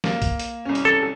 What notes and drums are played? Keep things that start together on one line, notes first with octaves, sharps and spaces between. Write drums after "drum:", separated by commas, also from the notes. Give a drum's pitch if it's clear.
A#3, drum: snare
drum: kick B1, hi-hat
drum: hi-hat
C2 C#4
drum: hi-hat
A4